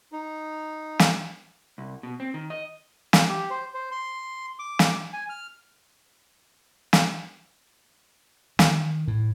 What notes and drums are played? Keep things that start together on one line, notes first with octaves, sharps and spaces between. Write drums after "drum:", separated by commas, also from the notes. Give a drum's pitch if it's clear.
D#4
drum: snare
C2
B2
C4
D#3
D#5
drum: snare
G4
C5
C5
C6
D6
drum: snare
G#5
F6
drum: snare
D#3, drum: snare
A2